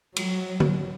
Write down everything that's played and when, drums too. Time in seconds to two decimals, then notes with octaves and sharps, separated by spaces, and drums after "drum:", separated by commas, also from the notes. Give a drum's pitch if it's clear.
0.16 F#3, drum: cymbal
0.60 drum: tom